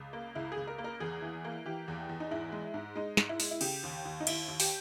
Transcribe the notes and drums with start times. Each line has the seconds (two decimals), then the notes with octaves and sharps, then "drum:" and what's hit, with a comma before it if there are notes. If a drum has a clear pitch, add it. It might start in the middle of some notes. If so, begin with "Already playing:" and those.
Already playing: C#2
0.13 A#3
0.35 C#2 E4
0.52 G#4
0.57 C#2
0.67 A#4
0.78 A#3
0.84 A#4
1.00 E2 G#4
1.22 E3
1.44 A#3
1.66 E3 G4
1.88 E2
2.09 E2
2.20 D#4
2.31 G#2 E4
2.52 G#3
2.74 G#2
2.96 G#3 D#4
3.17 G#2, drum: snare
3.29 E4
3.40 G#3, drum: open hi-hat
3.51 E4
3.61 C#3 G4, drum: cymbal
3.83 D#2
4.05 D#2
4.20 D#4
4.27 D#2 E4, drum: cymbal
4.48 D#2
4.60 G4, drum: open hi-hat